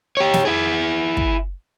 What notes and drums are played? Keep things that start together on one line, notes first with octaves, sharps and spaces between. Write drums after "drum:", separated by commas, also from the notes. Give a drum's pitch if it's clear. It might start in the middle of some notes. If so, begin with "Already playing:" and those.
G4 C#5
drum: snare
E4 G#4
drum: kick